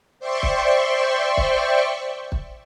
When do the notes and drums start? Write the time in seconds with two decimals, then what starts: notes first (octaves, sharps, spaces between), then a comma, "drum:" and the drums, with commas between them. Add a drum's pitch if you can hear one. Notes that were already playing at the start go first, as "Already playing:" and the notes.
0.19 C5 D5 E5 G5 C6 C#6
0.43 drum: kick
1.37 drum: kick
2.32 drum: kick